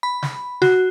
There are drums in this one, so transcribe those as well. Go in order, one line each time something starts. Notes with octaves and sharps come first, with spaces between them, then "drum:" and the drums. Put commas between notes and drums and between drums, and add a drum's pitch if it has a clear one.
B5
drum: snare
F#4, drum: snare